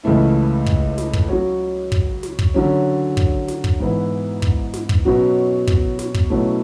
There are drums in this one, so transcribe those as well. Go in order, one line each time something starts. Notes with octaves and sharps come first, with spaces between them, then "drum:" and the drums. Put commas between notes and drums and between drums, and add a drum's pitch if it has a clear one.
C#2 C#3 E3 A3 E4
drum: kick
drum: snare
drum: kick
F#3 C#4 F#4 C#5
drum: kick
drum: snare
drum: kick
D3 F#3 C#4
drum: kick
drum: snare
drum: kick
G#2 E3 B3 E4
drum: kick
drum: snare
drum: kick
B2 F#3 C#4 F#4
drum: kick
drum: snare
drum: kick
B2 F#3 A3 C#4 E4